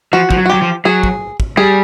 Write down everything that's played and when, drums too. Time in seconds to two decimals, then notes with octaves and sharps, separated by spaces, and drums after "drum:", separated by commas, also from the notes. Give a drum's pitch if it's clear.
0.13 F3 F#4
0.31 F3, drum: kick
0.38 F#3
0.46 F#4
0.49 F#3 G4
0.62 F3
0.85 F#3 G#4
1.03 drum: kick
1.40 drum: kick
1.57 G3 G#4